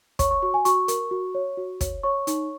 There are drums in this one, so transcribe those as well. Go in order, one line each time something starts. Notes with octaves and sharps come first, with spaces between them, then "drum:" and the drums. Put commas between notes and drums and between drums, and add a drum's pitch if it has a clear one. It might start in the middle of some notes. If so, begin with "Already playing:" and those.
C#5 C#6, drum: kick, hi-hat
C#6
F#4 C#6
G#5
F#4 C#6, drum: hi-hat
A#4, drum: hi-hat
F#4
C#5
F#4
C#5, drum: kick, hi-hat
C#5 C#6
D#4, drum: hi-hat